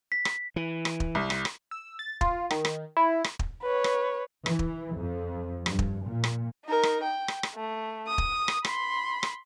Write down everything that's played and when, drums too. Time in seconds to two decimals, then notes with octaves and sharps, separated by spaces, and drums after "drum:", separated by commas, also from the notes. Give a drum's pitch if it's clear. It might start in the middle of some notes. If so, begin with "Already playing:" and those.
0.12 B6
0.25 drum: rim click
0.56 E3
0.85 drum: rim click
1.00 drum: kick
1.15 C2
1.30 drum: rim click
1.45 drum: rim click
1.71 E6
1.99 A6
2.21 F4, drum: kick
2.51 D#3, drum: rim click
2.65 drum: rim click
2.97 E4
3.24 drum: rim click
3.39 drum: kick
3.62 B4 C#5
3.84 drum: rim click
4.46 E3, drum: rim click
4.59 drum: kick
4.96 F2
5.66 G2, drum: rim click
5.79 drum: kick
6.05 A#2
6.24 drum: rim click
6.65 D#4 A#4
6.83 drum: rim click
7.03 G5
7.28 drum: rim click
7.43 drum: rim click
7.55 A3
8.08 D#6
8.18 drum: kick
8.48 drum: rim click
8.65 B5 C6, drum: rim click
9.23 drum: rim click